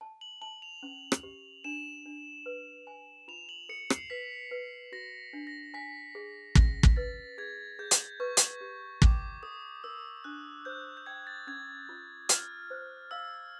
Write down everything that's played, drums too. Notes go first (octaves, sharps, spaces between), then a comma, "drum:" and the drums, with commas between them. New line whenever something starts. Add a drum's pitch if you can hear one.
A5
F#7
A5 F#7
F7
C#4
drum: rim click
G4
D4 E7
D4
B4
G#5
F4 F7
F#7
A4 C#7
C7, drum: rim click
B4 B6
B4
F#4 A#6
D4
A#6
G#5 B6
G#4
C#4 A#6, drum: kick
drum: kick
B4 A6
G#4 G#6
G#4 G6
drum: hi-hat
B4 C#6
drum: hi-hat
G4
G5 D6, drum: kick
A4 D#6
A#4 E6
D4 F#6
C5 G6
G6
G5 G#6
A6
C#4 G#6
F4
F4 F6, drum: hi-hat
C5
F5 E6